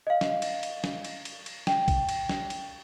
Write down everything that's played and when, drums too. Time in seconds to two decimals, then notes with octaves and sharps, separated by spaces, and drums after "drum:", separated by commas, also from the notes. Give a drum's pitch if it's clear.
0.07 D#5 F5
0.21 drum: snare
0.42 drum: cymbal
0.63 drum: cymbal
0.84 drum: snare
1.05 drum: cymbal
1.25 drum: cymbal
1.46 drum: cymbal
1.67 G5, drum: snare
1.88 drum: kick A#1, cymbal
2.09 drum: cymbal
2.29 drum: snare
2.50 drum: cymbal